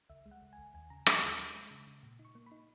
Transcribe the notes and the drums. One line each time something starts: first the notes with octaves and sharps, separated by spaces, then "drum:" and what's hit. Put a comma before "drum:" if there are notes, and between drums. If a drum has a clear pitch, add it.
C#2 E5
G#3
F#5
C#2
G#5
C#2
D#2 G#5
C#3 A#5
C#3 B5, drum: rim click
D#2 B5
G#3
G#3
C#3
C#3
A#2
D#4
C#6
A#3
B5
D#4